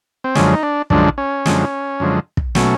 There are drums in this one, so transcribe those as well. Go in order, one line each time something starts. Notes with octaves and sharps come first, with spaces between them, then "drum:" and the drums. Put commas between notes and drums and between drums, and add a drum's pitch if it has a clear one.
C4
F#2 D3 F3 G#3 C#4, drum: snare
D#4
D4
F#2 D3 F3 G#3 D4, drum: kick
C#4
F#2 D3 F3 G#3, drum: snare
F#2 D3 F3 G#3
drum: kick
B2 F#3 A3 C#4, drum: snare